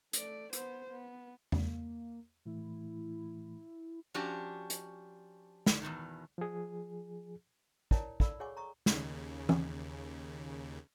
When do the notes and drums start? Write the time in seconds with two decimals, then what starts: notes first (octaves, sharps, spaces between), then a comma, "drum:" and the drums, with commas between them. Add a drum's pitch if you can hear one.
0.13 A3 D5, drum: hi-hat
0.53 B3 C5, drum: hi-hat
0.90 B3
1.52 A#3, drum: tom E2
2.46 A2 E3 A3 E4
4.14 F3 C#4 D4 F#4 G4
4.70 drum: hi-hat
5.66 drum: snare
5.82 E2 G#2 B2 D#3
6.38 F3 G#4
7.91 E4 A#4 C#5 D5 G5 A5, drum: kick
8.20 A4 D5 F5 B5 E6, drum: kick
8.40 G#4 C#5 F#5 G#5 C#6 D6
8.57 A#5 C#6 D#6
8.86 D#2 C#3, drum: snare
9.49 drum: tom E3